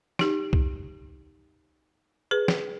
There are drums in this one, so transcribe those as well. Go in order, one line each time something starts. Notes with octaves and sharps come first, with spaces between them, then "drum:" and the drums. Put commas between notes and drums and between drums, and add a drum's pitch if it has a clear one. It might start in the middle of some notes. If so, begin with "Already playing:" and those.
D#4 G4, drum: snare
drum: kick C2
G#4 B4
drum: snare